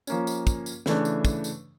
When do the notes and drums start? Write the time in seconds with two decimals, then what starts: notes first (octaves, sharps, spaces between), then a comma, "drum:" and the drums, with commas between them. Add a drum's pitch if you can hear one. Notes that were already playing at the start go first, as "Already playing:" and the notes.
0.07 F3 A#3 C#4, drum: tambourine
0.27 drum: tambourine
0.47 drum: kick, tambourine
0.66 drum: tambourine
0.86 C#3 E3 A3 D4, drum: snare
1.05 drum: tambourine
1.25 drum: kick, tambourine
1.44 drum: tambourine